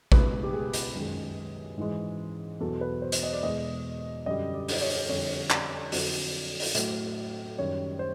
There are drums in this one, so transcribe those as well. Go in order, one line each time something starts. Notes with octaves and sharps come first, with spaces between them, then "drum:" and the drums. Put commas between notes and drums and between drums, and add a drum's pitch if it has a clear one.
C#2 B2 G#3 B4, drum: kick A1
G4
G#4
drum: hi-hat
F#2 D#3 G#3
G#2 E3 G#3
E2 B2 F#3 A4
B4
C5
drum: hi-hat
D#5
D5
E2 B2 G#3 D#5
F#2 D3 G3 D#5
D5
drum: open hi-hat
C#5
F2 D3 G3 C#5
D5, drum: clap
F2 D3 F#3, drum: open hi-hat
drum: open hi-hat
A2 F#3, drum: hi-hat
F#2 D#3 G3 C#5
C5